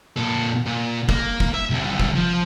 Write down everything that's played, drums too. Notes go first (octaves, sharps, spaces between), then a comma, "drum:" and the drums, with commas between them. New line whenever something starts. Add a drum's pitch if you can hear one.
A#2 A4
A#2
A#3, drum: kick
drum: kick
E5
C2 D3
drum: kick
F3